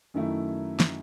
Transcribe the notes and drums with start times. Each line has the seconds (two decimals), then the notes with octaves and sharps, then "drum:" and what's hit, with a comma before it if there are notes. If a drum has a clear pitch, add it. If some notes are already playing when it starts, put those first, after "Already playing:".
0.14 F#2 D#3 A3 E4
0.80 drum: snare